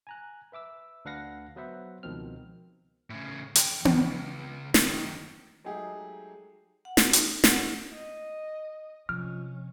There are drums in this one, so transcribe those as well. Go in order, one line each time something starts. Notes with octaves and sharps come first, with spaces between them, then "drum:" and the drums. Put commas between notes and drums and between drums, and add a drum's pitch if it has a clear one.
G#5 A#5 F#6
B4 E5 D6 E6
D2 D4 B4 F5 F#5 A#6
F#3 B3 B4 C5 E5 F#5
C#2 B2 D#3 F3 C4 F6
A2 C#3
E2 G5, drum: hi-hat
C#2, drum: tom B3
F#2 D#3, drum: snare
F#3 G#3 A3 D#4 G4 G#4
F#5
F#4, drum: snare
D#4, drum: hi-hat
F#5, drum: snare
D#5
C3 F3 C#4 F6